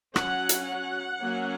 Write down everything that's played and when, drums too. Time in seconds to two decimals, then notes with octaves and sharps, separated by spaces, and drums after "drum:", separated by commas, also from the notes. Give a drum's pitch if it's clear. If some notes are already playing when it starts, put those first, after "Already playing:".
0.16 F#3 C#4 F#5, drum: rim click
0.49 drum: hi-hat
0.68 F#5
1.20 F#3 A#3 C#4